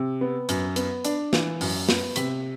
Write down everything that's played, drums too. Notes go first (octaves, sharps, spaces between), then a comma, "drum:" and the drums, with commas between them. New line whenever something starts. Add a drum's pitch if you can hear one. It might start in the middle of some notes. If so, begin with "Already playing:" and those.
Already playing: C3
B3
F#2, drum: hi-hat
B3, drum: hi-hat
D4, drum: hi-hat
E3, drum: snare
F#2, drum: open hi-hat
B3, drum: snare
C3 B6, drum: hi-hat